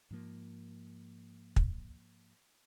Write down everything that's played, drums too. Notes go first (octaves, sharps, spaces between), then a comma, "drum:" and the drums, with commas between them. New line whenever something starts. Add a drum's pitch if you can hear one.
G#2 F3 A#3
drum: kick